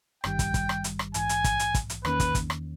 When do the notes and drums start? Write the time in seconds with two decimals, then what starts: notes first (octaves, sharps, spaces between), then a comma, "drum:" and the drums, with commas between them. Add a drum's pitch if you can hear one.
0.24 G#1 G2 D#3 G3 G5, drum: rim click
0.39 drum: kick, hi-hat
0.54 drum: kick, hi-hat
0.69 drum: rim click
0.84 drum: hi-hat
0.99 drum: rim click
1.14 A#1 G#2 E3 G#5, drum: hi-hat
1.29 drum: hi-hat
1.44 drum: kick, hi-hat
1.59 drum: hi-hat
1.75 drum: kick, hi-hat
1.90 drum: hi-hat
2.05 E2 D#3 A#3 C#4 B4, drum: rim click
2.20 drum: kick, hi-hat
2.35 drum: kick, hi-hat
2.50 drum: rim click